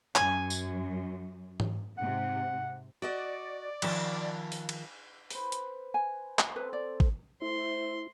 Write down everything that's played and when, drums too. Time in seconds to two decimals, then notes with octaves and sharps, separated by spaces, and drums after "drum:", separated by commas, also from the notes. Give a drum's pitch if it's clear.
0.16 F#2 G#5, drum: clap
0.50 drum: tambourine
1.60 drum: tom G#2
1.98 G#2 C3 F#5
3.02 F#4 D5 D#5 F#5
3.82 D#3 F3 A5, drum: cymbal
4.52 drum: open hi-hat
4.69 drum: cymbal
5.30 B4 C5, drum: open hi-hat
5.52 drum: hi-hat
5.94 G#5
6.39 drum: clap
6.56 C4 A4 B4 C5
6.73 D5
7.00 drum: kick G#1
7.42 A3 E4 C5 C6